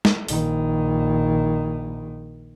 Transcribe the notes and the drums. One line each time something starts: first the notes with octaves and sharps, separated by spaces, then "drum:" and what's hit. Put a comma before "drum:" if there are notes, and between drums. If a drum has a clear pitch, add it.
drum: snare
A#1 D#3, drum: open hi-hat